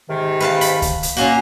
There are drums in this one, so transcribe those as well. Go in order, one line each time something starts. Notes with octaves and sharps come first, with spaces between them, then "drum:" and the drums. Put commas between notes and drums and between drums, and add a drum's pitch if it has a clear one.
G#2 C3 D#3
B4 F5 A5
B5, drum: hi-hat
drum: kick C#2, hi-hat
drum: hi-hat
A#2 A#3 C#4 F#4